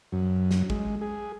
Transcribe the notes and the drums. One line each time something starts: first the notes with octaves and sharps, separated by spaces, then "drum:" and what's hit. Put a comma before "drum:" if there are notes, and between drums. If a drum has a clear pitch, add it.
F#2
drum: snare
G#3, drum: kick
G#4